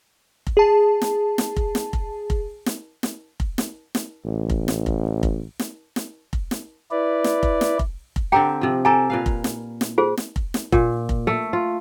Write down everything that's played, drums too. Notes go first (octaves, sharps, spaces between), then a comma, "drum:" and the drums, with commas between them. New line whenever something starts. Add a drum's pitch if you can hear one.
drum: kick F1
G#4 A5
drum: snare
drum: snare
drum: kick F1
drum: snare
drum: kick F1
drum: kick F1
drum: snare
drum: snare
drum: kick F1
drum: snare
drum: snare
A1
drum: kick F1
drum: snare
drum: kick F1
drum: kick F1
drum: snare
drum: snare
drum: kick F1
drum: snare
E4 B4 D5
drum: snare
drum: kick F1
drum: snare
drum: kick F1
drum: kick F1
D3 C4 G4 G5 A#5
C3 F3
G4 A4 G#5 A#5
A#2 B4 F5
drum: kick F1
drum: snare
drum: snare
F4 G#4 C5
drum: snare
drum: kick F1
drum: snare
A#2, drum: kick F1
drum: kick F1
A3
F4